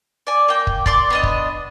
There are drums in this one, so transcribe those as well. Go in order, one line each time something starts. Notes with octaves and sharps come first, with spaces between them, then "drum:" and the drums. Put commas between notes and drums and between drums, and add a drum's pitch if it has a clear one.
D5 G#5
A#3 G5
drum: kick
D5 C6 D6, drum: kick
B3 D4 D#5
drum: kick